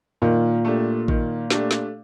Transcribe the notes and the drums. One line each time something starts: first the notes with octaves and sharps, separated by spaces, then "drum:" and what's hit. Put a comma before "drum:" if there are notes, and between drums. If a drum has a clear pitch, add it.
A#2 D#3
A3 D4 G4
D#3, drum: kick A1
A3 D4 G4, drum: snare
drum: snare